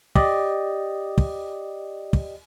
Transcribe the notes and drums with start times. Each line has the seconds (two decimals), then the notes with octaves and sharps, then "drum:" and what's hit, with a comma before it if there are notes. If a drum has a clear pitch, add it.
0.15 G4 D5 D#5, drum: kick
1.18 drum: kick
2.13 drum: kick